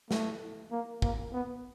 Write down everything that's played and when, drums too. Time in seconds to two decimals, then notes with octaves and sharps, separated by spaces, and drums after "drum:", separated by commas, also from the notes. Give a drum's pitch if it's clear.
0.11 A3, drum: snare
0.71 A#3
1.02 A#3, drum: kick
1.33 B3